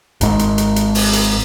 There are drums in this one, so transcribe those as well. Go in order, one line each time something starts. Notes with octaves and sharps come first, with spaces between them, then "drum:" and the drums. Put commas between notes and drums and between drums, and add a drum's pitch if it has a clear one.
G#1 G#2, drum: hi-hat
drum: hi-hat
drum: hi-hat
drum: hi-hat
drum: open hi-hat
drum: hi-hat